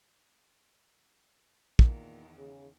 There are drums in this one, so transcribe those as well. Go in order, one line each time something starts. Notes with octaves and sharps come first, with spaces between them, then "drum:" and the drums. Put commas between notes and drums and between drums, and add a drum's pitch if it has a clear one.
E2 A#2 D#3, drum: kick
C#3 G#4